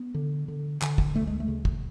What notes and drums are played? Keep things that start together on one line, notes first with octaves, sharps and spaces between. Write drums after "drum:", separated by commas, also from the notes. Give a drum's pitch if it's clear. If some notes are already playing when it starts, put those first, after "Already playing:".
Already playing: B3
D3
D3
D3, drum: clap
drum: kick
D2 A3
G#3
A3
C#3
drum: kick